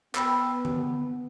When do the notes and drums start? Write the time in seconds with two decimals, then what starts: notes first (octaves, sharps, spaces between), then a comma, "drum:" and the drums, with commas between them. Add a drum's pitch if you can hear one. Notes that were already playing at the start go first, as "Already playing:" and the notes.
0.15 B3 G5 B5 E6, drum: clap
0.65 drum: tom D3